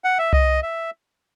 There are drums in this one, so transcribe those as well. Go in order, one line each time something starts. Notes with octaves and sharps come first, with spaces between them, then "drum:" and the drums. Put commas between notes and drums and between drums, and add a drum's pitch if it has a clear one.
F#5
E5
D#5, drum: tom C2
E5